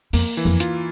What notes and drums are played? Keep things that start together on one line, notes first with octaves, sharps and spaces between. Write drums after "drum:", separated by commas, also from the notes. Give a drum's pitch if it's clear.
F2 A#3, drum: open hi-hat
E3
F2
F4, drum: hi-hat